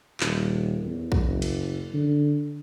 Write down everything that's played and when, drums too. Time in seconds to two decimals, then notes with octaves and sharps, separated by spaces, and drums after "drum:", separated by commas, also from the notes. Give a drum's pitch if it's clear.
0.20 D#1, drum: clap
0.85 E2
1.12 drum: kick B1
1.25 F#1
1.42 drum: cymbal
1.94 D3